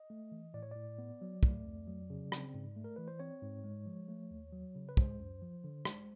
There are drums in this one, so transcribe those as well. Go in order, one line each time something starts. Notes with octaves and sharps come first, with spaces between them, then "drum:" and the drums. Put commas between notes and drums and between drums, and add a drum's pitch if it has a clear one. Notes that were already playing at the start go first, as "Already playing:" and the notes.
Already playing: D#5
A3
E3
A2 D5
C#5
A2 D5
B3
F#3
A3, drum: kick
F2
F#3
C#3
C4, drum: rim click
G#2
A3
A#4
E3 B4
C5
C4 C#5
G#2
G#3
F3
A3
D#2
F#3
C#3
B4
G#3 C5, drum: kick
F#2
F3
D3
G#3, drum: rim click